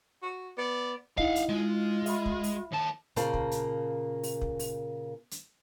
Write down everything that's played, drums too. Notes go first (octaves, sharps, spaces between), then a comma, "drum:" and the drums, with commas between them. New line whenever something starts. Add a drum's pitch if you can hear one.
F#4
B3 D5
D#4 E4 D#5 F5 F#5, drum: kick
drum: hi-hat
G#3 F4
E5 B5, drum: open hi-hat
drum: kick
drum: open hi-hat
D#2 A5
A#2 C#3 A#3 C5 A5, drum: hi-hat
drum: kick
drum: hi-hat
drum: open hi-hat
drum: kick
drum: open hi-hat
drum: hi-hat